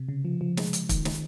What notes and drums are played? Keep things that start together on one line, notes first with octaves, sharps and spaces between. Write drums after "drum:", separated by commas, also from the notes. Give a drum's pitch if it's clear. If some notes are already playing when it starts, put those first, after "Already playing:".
Already playing: C3
C#3
F3
F3
G#3, drum: snare
drum: hi-hat
D#3, drum: kick, hi-hat
drum: snare